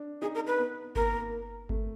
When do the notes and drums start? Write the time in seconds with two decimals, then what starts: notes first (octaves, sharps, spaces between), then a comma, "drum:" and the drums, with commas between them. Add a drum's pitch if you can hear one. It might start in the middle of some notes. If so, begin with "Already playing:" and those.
Already playing: D4
0.22 D#4 G#4
0.35 A#4
0.47 B4
0.59 B3
0.95 A#3 A#4, drum: kick G1
1.69 A3, drum: kick G1